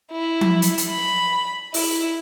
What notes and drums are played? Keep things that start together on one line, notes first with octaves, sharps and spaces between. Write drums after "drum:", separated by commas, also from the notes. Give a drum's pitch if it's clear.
E4
drum: tom F3
drum: hi-hat
drum: hi-hat
B5
E4, drum: open hi-hat